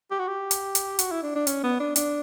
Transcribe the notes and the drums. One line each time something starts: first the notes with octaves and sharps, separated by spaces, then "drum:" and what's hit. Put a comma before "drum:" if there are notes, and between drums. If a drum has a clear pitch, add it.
G4
F#4
G4
drum: hi-hat
drum: hi-hat
F#4, drum: hi-hat
E4
D4
D4
C#4, drum: hi-hat
B3
D4
D4, drum: hi-hat